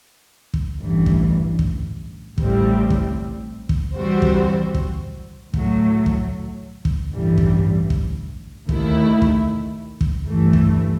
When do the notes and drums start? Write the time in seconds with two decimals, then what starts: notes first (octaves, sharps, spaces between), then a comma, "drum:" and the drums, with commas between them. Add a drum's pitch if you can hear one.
0.54 drum: kick
0.80 A1 G2 E3
1.06 drum: kick
1.59 drum: kick
2.38 A1 A2 G3 C4, drum: kick
2.90 drum: kick
3.69 drum: kick
3.96 E3 G3 C4 F#4 C5
4.22 drum: kick
4.74 drum: kick
5.54 A2 F#3 A3, drum: kick
6.06 drum: kick
6.85 drum: kick
7.11 A1 G2 E3 G3
7.38 drum: kick
7.90 drum: kick
8.69 D#2 D#3 A3 E4, drum: kick
9.22 drum: kick
10.01 drum: kick
10.27 G1 G2 E3 A3
10.53 drum: kick